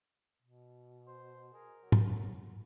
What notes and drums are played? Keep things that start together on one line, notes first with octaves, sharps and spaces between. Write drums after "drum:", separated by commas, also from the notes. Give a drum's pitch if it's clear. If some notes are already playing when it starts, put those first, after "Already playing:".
B2
C5
G#4 A#4
F#3
drum: tom